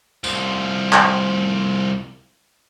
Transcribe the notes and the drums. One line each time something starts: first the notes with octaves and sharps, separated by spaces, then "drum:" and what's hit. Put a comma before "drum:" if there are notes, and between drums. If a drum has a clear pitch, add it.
C2 F3, drum: tambourine
drum: clap